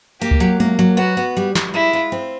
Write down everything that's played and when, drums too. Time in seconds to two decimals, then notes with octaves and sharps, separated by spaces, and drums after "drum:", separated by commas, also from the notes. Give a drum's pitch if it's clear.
0.21 A#3 G4
0.31 drum: kick C#2
0.40 F#3
0.60 A#3, drum: tom G#3
0.79 F#3
0.97 B3 F#4
1.17 B3
1.37 G3
1.55 G3, drum: snare
1.74 G#3 E4
1.93 F4
2.12 C4